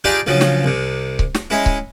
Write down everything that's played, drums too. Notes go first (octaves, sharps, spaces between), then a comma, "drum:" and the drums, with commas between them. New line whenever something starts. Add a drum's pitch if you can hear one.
D4 D#4 F4 G4 G#4 D5
A#1 C#3 F3 F#3
drum: snare
C2 C3
drum: kick C#1
drum: snare
G#3 C#4 E4
drum: kick C#1